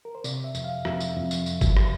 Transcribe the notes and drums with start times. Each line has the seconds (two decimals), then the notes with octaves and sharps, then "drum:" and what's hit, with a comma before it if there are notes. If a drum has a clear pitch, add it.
0.05 A#4
0.15 C5
0.24 C3 D5, drum: tambourine
0.44 E5
0.55 F2, drum: tambourine
0.64 F5
0.85 F2 E5, drum: rim click
1.00 drum: tambourine
1.16 F2
1.31 drum: tambourine
1.46 drum: tambourine
1.61 drum: kick F#1, tambourine
1.77 drum: rim click